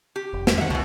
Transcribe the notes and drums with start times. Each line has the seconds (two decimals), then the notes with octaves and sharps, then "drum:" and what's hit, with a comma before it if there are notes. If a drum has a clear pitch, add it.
0.16 G4
0.33 F1
0.47 drum: snare
0.58 G2 D#3 E5 F#5
0.70 C#2 B2 E3